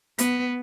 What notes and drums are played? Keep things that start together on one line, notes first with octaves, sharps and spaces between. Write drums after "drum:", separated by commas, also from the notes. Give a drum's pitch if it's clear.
B3, drum: hi-hat